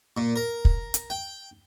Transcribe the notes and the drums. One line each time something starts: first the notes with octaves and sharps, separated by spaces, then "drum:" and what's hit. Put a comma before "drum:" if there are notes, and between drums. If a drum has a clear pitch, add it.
A#2
A#4
drum: kick
drum: hi-hat
G5